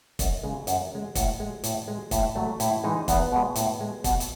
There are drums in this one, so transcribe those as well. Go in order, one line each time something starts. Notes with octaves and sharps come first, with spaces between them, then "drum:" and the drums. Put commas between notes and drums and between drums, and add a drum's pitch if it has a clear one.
F#2 D#5, drum: kick, hi-hat
C#3 G#3
F#2, drum: hi-hat
C#3 G#3
A2 F#5, drum: kick, hi-hat
G#3
A2, drum: hi-hat
G#3
A2 E5, drum: kick, hi-hat
F#3 A3
A2 E4, drum: hi-hat
E3 G#3 D#4
E2 B3, drum: kick, hi-hat
B2 G#3
A2, drum: hi-hat
G#3
B2, drum: kick, hi-hat
drum: hi-hat